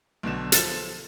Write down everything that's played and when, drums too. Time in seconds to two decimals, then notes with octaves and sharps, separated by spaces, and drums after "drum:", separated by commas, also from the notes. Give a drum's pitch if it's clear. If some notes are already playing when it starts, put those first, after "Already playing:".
0.23 B1 B2 D3 E7
0.52 F3 A4 A6 E7, drum: hi-hat